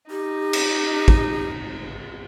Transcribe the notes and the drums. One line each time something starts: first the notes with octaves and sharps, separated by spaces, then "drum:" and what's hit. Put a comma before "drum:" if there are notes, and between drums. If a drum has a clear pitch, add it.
D#4 G4
drum: cymbal
drum: kick